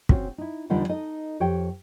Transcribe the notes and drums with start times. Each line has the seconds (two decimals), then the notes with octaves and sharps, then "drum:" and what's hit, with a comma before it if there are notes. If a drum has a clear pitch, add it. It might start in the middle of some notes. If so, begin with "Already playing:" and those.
0.09 C4 C#4 F#4 G#4, drum: kick
0.38 D#4 E4
0.70 E2 D3 G3 D#4 F4 F#5
0.89 D#4 A4 D#5
1.40 F2 G4 C#5 G5